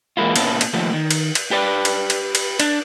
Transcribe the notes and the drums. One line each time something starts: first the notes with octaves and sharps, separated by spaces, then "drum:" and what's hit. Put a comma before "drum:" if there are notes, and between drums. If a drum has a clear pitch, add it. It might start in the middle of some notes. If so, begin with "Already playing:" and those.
E3 G#3 A#3 E4 F4
A#2 B3 C#4 E4 A4, drum: cymbal
drum: cymbal
D#2 F3 A3
D#3
drum: cymbal
drum: cymbal
G4 B4 D5
drum: cymbal
drum: cymbal
drum: cymbal
D4, drum: cymbal